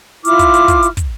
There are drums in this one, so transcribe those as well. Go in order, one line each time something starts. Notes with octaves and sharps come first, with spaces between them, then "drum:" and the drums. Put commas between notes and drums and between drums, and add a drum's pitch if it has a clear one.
E4 F4 D6 F6, drum: hi-hat
drum: kick, hi-hat
drum: hi-hat
drum: kick, hi-hat
drum: hi-hat
drum: kick, hi-hat